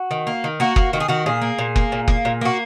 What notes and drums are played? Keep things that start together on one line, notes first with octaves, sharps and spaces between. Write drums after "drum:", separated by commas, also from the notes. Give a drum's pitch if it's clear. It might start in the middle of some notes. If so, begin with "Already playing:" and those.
Already playing: F#4
D#3
A#3
D#3
A#3 F#4
A#3, drum: kick F#1
D#3 F#4
G#4
D#3 F#4
A#2 G#4
A#3
A#2
A#3, drum: kick F#1
A#2
A#3, drum: kick F#1
A#2
A#3 F#4